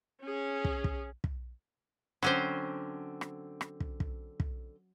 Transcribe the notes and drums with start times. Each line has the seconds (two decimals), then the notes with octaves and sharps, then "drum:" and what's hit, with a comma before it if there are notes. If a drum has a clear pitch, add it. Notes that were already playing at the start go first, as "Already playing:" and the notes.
0.22 C#4 G#4
0.65 drum: kick
0.84 drum: kick
1.24 drum: kick
2.22 D3 F#3 C4 C#4 C5, drum: rim click
3.21 drum: rim click
3.61 drum: rim click
3.80 drum: kick
4.00 drum: kick
4.40 drum: kick